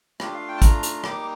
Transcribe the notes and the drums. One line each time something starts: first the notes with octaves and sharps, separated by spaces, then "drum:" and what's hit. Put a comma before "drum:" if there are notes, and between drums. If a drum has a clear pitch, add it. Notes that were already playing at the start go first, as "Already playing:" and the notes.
A3 D4 F4 G4, drum: rim click
F5
G5
A5
A#5, drum: kick, hi-hat
drum: hi-hat
G3 A#3 D#4 D6, drum: rim click